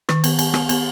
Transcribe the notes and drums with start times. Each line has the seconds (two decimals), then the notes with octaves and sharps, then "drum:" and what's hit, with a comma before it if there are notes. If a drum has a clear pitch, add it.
0.09 D#3, drum: rim click
0.24 B3, drum: cymbal
0.39 B3, drum: cymbal
0.54 B3, drum: rim click
0.69 B3, drum: cymbal